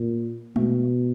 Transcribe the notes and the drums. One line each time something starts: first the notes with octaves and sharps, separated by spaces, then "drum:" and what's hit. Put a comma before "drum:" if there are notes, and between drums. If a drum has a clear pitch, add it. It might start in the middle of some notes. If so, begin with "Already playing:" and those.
Already playing: A#2
B2, drum: tom G#3